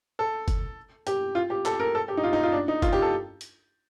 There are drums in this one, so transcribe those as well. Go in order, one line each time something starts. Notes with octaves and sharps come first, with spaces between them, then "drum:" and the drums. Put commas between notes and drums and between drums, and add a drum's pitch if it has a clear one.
A4
drum: kick, hi-hat
G4, drum: hi-hat
F4
G4
A4, drum: clap
A#4
A4
G4
D#4
F4
D#4
F4
D4
D#4
F4, drum: kick, hi-hat
G4
A4
drum: hi-hat